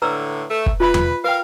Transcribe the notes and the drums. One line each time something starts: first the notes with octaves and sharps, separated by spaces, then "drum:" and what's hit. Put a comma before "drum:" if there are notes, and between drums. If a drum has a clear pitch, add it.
A2 D3 B4 A#5 E6
A3
drum: kick
F4 B4 E5 B5
drum: tom E2
A#4 B4 F5 G5